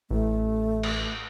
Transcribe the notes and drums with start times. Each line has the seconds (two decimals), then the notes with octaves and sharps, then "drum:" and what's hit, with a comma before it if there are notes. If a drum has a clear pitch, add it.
0.11 A1 A3
0.83 drum: cymbal